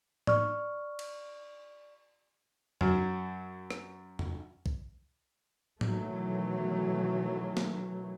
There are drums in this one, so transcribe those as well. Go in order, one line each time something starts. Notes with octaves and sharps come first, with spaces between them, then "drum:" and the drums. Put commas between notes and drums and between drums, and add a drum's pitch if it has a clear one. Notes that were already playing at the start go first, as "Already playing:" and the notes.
D5 C#6 F6, drum: tom A2
drum: cymbal
F#2 F#3, drum: tom E2
drum: rim click
drum: tom E2
drum: kick B1
B2 D#3 E3 F#3 A3, drum: tom A2
drum: snare